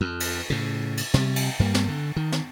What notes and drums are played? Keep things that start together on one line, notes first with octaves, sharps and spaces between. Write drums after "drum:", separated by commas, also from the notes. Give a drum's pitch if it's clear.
F2
drum: cymbal
A2 C#3
drum: cymbal
C3 G3, drum: snare
drum: cymbal
G2 G3 A#3
drum: snare
D3
D#3
drum: snare